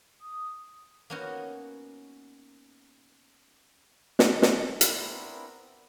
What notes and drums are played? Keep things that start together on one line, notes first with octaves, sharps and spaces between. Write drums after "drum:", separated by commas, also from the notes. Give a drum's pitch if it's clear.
D#6
A#3 B3 C#4 D#4 F#4
drum: snare
drum: snare
B3 C4 D4 E4 A#4, drum: hi-hat